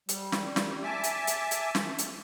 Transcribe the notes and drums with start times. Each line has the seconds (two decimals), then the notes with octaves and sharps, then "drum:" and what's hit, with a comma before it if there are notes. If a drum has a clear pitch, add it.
0.09 G3, drum: hi-hat
0.32 drum: snare
0.56 drum: snare
0.84 E5 G#5 A5 D6
1.03 drum: hi-hat
1.27 drum: hi-hat
1.51 drum: hi-hat
1.75 drum: snare
1.98 drum: hi-hat